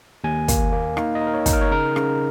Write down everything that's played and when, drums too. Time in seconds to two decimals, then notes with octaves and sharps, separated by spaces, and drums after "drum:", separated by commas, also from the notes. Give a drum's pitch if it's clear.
0.24 D#2 G#5
0.48 A#3, drum: kick, hi-hat
0.72 A#3
0.97 D#4 F5, drum: rim click
1.15 D#5
1.21 D#4
1.27 A#4
1.34 C#5
1.46 D#4, drum: kick, hi-hat
1.53 A#4
1.61 C#5
1.71 C#3 A#4
1.96 C#3, drum: rim click